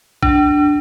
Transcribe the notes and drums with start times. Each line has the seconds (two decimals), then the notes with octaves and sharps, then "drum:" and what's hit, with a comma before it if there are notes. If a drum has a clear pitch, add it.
0.22 D4, drum: kick